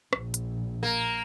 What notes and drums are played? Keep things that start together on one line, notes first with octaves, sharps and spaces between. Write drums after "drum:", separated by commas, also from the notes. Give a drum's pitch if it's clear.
A#1, drum: rim click
drum: hi-hat
A#3